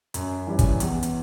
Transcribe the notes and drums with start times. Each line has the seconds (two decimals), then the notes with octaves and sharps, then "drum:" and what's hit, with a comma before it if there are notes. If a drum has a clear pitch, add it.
0.14 F#2, drum: hi-hat
0.47 E3 G3 C#4
0.59 drum: kick, hi-hat
0.80 E2, drum: hi-hat
1.03 drum: hi-hat